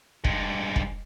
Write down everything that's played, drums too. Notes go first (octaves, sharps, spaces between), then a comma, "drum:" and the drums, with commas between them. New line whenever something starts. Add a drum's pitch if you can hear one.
G2 G#3, drum: kick
drum: kick